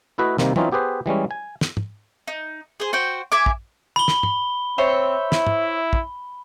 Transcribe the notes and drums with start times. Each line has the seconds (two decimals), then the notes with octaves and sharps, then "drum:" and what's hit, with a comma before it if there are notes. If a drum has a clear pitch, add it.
0.18 A3 E4 F#4 B4 D#5 E5
0.38 C3 D#3 G3 A#3 C4, drum: snare
0.56 E3 C4 C#4 D#4 F4, drum: tom
0.72 B3 G4 G#4 B4 C5
1.06 E3 G3 G#3 C#4
1.31 G#5
1.61 drum: snare
1.77 drum: tom
2.28 D#4
2.80 G#4 C5
2.93 F#4 C5 G5
3.32 E5 G#5 D6
3.46 drum: kick
3.96 B5 G7
4.08 drum: snare
4.23 drum: tom
4.78 C4 C5 C#5 E5
5.32 E4, drum: snare
5.47 drum: tom
5.93 drum: kick